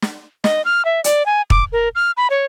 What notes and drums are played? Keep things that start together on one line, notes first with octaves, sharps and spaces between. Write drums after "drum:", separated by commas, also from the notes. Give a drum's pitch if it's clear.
drum: snare
D#5, drum: snare
F6
E5
D5, drum: hi-hat
G#5
D6, drum: kick
A#4
F6
B5
C#5